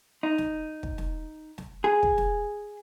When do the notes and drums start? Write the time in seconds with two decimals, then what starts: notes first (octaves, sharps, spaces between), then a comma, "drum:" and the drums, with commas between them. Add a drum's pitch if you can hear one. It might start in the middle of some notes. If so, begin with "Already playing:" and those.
0.23 D#4
0.38 drum: snare
0.83 drum: kick
0.98 drum: snare
1.58 drum: snare
1.84 G#4
2.03 drum: kick
2.18 drum: snare